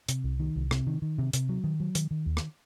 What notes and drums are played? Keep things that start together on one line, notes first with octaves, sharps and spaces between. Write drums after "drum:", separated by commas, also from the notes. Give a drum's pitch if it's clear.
C3, drum: hi-hat
C2
D#3
C2
C3, drum: rim click
D#3
D#3
C3
C3, drum: hi-hat
F#3
D#3
F#3
D#3, drum: hi-hat
D#3
D#2
drum: rim click